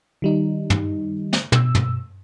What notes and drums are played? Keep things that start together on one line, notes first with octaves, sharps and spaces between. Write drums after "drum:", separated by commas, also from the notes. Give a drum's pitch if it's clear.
D#3 G3 D#4
drum: tom
drum: snare
B2 E6, drum: tom
drum: tom